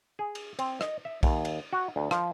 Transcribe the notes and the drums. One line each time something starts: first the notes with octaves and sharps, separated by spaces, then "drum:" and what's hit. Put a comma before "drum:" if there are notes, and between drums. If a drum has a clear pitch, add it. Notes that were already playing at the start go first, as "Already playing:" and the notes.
G#4
drum: cymbal
C4, drum: cymbal
D#5, drum: rim click
E5
D#2, drum: kick, cymbal
drum: cymbal
F#4
D2
F3, drum: rim click